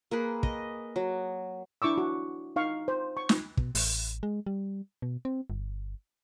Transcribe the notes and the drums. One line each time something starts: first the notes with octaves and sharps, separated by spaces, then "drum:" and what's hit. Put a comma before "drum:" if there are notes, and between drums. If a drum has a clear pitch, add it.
A#3 G#4 B4
D#5, drum: kick
F#3
D4 E4 C#6 D6 E6
F#4
D#4 F5 C#6
C5
C#6
drum: snare
B2, drum: kick
A1, drum: open hi-hat
G#3
G3
B2
C4
G1